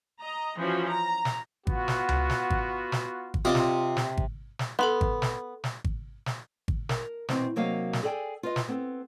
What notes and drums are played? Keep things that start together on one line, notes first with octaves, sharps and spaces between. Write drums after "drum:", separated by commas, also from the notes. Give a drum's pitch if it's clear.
D#5 A#5
E3 F3 C#4 F#4
A#5
drum: snare
B3 F4 F#4, drum: kick G#1
drum: snare
drum: tom C#2
drum: snare
drum: kick G#1
drum: snare
drum: kick G#1
C3 F4 D5 D#5 C6 D6
drum: snare
drum: snare
drum: kick G#1
drum: snare
B3 A4 B5 C6
drum: kick G#1
drum: snare
drum: snare
drum: kick G#1
drum: snare
drum: kick G#1
A#4, drum: snare
B2 E3 C4, drum: snare
C3 F#3 A#3 D#4 D#5 F5
drum: snare
G#4 A4 D5 G5 G#5
F4 B4 D#5
drum: snare
B3 C4 A4